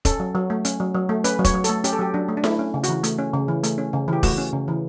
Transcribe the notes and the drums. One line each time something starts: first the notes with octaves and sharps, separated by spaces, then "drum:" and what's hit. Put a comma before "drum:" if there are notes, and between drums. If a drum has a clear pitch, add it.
C#4 A4, drum: kick E1, hi-hat
F#3
F#3
A3
C#4, drum: hi-hat
F#3
F#3
A3
C#4 B4, drum: hi-hat
F#3
C#5, drum: kick E1, hi-hat
F#3
A4, drum: hi-hat
A3
C#4 G4, drum: hi-hat
A4
F#3 G4
F#3 D4
A3
D4
A3 E4, drum: snare E4
C#4
C#3
F#4, drum: hi-hat
E3
A3, drum: hi-hat
C#4
C#3
E3
A3, drum: hi-hat
C#4
C#3
E3 G4
A3 F#4, drum: kick E1, open hi-hat
C#4
C#3
E3